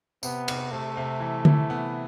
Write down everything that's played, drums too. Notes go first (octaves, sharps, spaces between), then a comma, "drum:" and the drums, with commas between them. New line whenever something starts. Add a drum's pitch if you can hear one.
C3 B3, drum: tambourine
C3, drum: cymbal
C3 A3
C3
E3
E3, drum: tom D3
B3